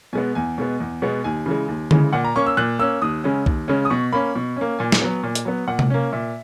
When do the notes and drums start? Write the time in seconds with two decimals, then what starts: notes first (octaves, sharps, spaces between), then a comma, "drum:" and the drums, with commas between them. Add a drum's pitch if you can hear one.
0.13 B2 G#3 B3 G#5
0.35 E2 G#5
0.58 B2 G#3 B3
0.80 E2
1.02 B2 G#3 B3
1.24 D#2 G#5
1.46 C#3 E3 G#3
1.68 D#2
1.91 C#3 E3 G#3, drum: tom D3
2.13 A#2 F#5
2.25 A#5
2.36 A#3 C#4 C#6
2.46 E6
2.57 A#2 F#6
2.79 A#3 C#4 E6
3.02 D#2 D#6
3.24 C#3 G#3 C#4
3.46 D#2, drum: kick B1
3.68 C#3 G#3 C#4
3.85 D#6
3.90 B2 C#6
4.12 A#3 C#4 B5
4.35 B2
4.56 A#3 C#4
4.79 A#2 G#5
4.92 drum: snare
5.02 F#3 B3
5.23 A#2
5.35 drum: hi-hat
5.45 F#3 B3
5.67 A#2 F#5
5.79 drum: tom C3
5.90 A#3 C#4
6.12 A#2 E5